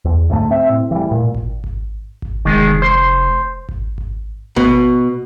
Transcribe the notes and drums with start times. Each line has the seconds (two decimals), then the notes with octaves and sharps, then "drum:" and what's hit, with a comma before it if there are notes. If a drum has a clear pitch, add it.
0.05 E2
0.30 D2 G#2 A3
0.51 C4 E5
0.70 A2
0.91 E3 G3
1.11 A#2
1.35 drum: kick G#1
1.64 drum: kick G#1
2.22 drum: kick G#1
2.45 F1 D#3 G#3
2.82 C5
3.69 drum: kick G#1
3.98 drum: kick G#1
4.56 B2, drum: kick G#1